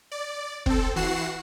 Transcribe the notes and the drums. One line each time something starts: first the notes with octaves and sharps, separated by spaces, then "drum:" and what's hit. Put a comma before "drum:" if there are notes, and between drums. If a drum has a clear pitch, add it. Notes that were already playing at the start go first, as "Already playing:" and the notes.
D5
C4 A4, drum: kick
E3 F#4 F#5 C7 E7